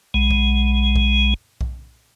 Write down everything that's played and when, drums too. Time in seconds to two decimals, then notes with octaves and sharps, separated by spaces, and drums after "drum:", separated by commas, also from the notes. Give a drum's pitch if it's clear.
0.14 B1 G#3
0.30 drum: kick B1
0.96 drum: kick B1
1.61 drum: kick B1